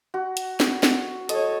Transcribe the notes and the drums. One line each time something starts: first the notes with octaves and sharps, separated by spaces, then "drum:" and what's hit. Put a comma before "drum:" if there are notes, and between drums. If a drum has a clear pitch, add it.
F#4
drum: hi-hat
drum: snare
drum: snare
A4 C#5 D#5, drum: hi-hat